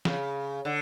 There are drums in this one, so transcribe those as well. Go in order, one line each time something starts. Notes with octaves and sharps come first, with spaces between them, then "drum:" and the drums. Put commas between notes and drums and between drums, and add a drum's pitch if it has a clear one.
C#3, drum: snare
D3